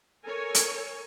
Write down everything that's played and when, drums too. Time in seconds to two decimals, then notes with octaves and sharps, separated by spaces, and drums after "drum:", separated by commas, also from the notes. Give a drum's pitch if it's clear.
0.25 A4 A#4 C#5 G#5
0.55 drum: hi-hat